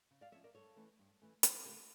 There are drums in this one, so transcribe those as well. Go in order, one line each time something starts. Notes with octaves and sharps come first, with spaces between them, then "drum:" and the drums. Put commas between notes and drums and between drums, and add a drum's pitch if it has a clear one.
C#3
D5 F5
F3 C#4 C#5 E5
A#4 D5
G2 A4 C#5
E3 A3 C#4
G2
E3 A3 C#4
D2, drum: hi-hat
C#3 E3 A3 G4 A#4